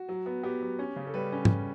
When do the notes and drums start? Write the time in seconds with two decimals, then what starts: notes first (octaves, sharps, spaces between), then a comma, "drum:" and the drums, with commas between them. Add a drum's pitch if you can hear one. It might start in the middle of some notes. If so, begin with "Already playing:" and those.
Already playing: F#4
0.09 F#3
0.26 B3
0.43 B3 G4
0.61 F#3
0.79 C#4
0.96 C#3
1.07 A4
1.14 G3 B4
1.32 C#4
1.45 drum: tom